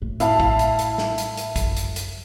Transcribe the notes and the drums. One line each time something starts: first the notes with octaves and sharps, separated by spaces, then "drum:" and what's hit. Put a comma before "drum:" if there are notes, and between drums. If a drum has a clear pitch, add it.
A2
E4 F5 A5, drum: hi-hat
drum: kick
drum: hi-hat
drum: hi-hat
drum: snare
drum: hi-hat
drum: hi-hat
F#2, drum: kick, hi-hat
drum: hi-hat
drum: hi-hat